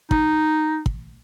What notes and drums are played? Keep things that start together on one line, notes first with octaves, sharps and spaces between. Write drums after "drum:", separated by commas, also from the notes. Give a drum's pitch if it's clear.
D#4, drum: kick
drum: kick